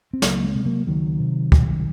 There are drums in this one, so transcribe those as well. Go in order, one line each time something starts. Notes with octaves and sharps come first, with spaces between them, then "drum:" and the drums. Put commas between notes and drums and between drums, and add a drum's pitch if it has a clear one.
C4
C#2 F#3 A#3, drum: snare
G#3 C4
C3
F#3 A#3
C#2 D#3 F#3
C3
C2, drum: kick